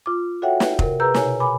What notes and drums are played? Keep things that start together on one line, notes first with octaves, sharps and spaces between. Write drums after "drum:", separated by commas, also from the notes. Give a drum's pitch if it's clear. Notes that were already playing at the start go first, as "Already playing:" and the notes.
F4 D6
F#4 A4 C#5 E5 F#5 G5
drum: snare
C3 A#4, drum: kick F1
G#4 B4 A#5 E6 G6
B2 C#5 G#5, drum: snare
G#5 B5 D6